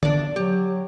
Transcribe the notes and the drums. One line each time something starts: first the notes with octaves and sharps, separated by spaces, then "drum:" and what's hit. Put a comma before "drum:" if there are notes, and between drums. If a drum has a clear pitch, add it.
D4 D5, drum: tom D3
F#3 G4